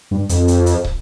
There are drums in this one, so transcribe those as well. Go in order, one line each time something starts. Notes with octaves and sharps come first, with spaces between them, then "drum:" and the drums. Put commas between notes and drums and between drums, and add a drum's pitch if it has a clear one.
G2
F2, drum: hi-hat
drum: hi-hat
drum: hi-hat
drum: kick